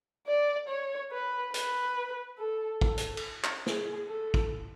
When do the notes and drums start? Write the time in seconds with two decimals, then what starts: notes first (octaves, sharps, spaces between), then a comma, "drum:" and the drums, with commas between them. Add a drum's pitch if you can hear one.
0.27 D5
0.69 C#5
1.12 B4
1.54 B4, drum: hi-hat
2.39 A4
2.81 A4, drum: kick
2.97 drum: hi-hat
3.17 drum: cymbal
3.44 drum: clap
3.66 G#4, drum: snare
4.08 A4
4.34 drum: kick